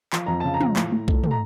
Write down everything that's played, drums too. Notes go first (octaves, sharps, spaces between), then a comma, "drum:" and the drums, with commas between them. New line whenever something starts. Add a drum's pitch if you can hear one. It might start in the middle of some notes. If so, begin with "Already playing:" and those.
F3, drum: clap
F2 A#5
C#3 A5
A#5
F3, drum: tom
A2, drum: clap
A2
A3, drum: kick B1
A3, drum: tom
A#5